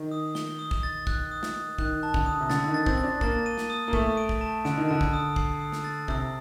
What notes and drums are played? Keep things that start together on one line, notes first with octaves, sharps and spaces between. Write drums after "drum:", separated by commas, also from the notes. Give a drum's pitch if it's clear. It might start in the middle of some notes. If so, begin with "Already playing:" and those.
Already playing: D#3
D#6
G7, drum: snare
D#6
drum: kick
A6
F#6, drum: kick
D#6
drum: snare
D#6
D#3 F#6, drum: kick
A5
D3, drum: kick
D#6
C3
D3 A6, drum: snare
D#3
A6
C4, drum: kick
A6
D4
A#3 A6, drum: kick
D#7
drum: snare
D#6
A#3
A3 D#6, drum: kick
D7
drum: kick
A5
D3 D7, drum: snare
D#3
D3 A5
drum: kick
D#6
C7, drum: kick
D#6
drum: snare
A6
C3 D#6, drum: kick